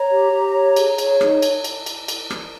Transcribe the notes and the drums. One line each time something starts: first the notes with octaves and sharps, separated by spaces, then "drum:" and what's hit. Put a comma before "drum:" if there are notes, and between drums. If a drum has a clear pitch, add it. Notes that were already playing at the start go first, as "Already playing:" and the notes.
Already playing: C#5 A#5
G4
G4
C#5
G#4, drum: cymbal
C#5, drum: cymbal
D#4, drum: rim click
drum: cymbal
drum: cymbal
drum: cymbal
drum: cymbal
drum: rim click